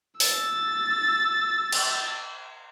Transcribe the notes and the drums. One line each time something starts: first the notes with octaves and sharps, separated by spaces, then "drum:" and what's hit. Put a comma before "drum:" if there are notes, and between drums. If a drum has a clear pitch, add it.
E6 A6, drum: open hi-hat
drum: cymbal